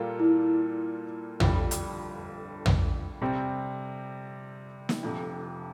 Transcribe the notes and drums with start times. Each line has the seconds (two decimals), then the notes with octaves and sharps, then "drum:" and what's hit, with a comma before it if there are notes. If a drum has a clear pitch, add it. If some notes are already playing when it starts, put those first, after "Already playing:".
Already playing: A#2 G3 A#3 F4 A4
0.20 E4
1.40 G1 F2 D3 G3 F4, drum: tom
1.71 drum: hi-hat
2.66 drum: tom
3.21 C3 G3 C4 G4
4.89 drum: snare
5.03 F1 F2 C3 D4